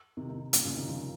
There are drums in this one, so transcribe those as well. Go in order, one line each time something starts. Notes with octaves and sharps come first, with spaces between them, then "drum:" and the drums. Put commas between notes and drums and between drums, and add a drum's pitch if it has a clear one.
C3 D#3
C3 D#3
A#2 C#3, drum: hi-hat
A#2 C#3
C3 D#3
C#3 F3